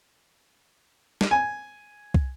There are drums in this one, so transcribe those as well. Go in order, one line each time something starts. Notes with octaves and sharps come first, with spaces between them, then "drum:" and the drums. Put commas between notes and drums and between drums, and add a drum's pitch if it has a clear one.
drum: snare
G#5
drum: kick